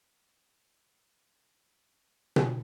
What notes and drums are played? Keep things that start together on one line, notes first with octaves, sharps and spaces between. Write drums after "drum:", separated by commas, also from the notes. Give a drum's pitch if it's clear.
D2 D#5
drum: tom B2